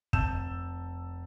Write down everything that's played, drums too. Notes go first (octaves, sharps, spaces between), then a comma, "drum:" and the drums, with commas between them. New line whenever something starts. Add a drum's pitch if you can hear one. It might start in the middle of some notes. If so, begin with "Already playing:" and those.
F1 A5 E6 G6 E7, drum: kick